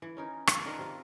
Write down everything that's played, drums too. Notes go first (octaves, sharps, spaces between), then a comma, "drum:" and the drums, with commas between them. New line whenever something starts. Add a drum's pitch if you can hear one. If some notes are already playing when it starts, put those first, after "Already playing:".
E3
C#4 D#4 A#4
F4, drum: rim click
D#3 D4 A#4 B4
C3 F4